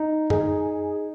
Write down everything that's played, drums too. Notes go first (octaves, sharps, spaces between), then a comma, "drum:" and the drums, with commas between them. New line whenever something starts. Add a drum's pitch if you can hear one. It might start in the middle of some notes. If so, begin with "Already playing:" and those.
Already playing: D#4
D#4 G#4, drum: tom F#2